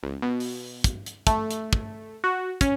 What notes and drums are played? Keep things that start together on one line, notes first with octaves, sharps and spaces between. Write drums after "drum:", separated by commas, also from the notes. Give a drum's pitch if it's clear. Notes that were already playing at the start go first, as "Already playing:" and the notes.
C#2
B2
drum: open hi-hat
drum: kick, hi-hat
drum: hi-hat
A3, drum: kick, hi-hat
drum: hi-hat
drum: kick
F#4
C#4, drum: kick, hi-hat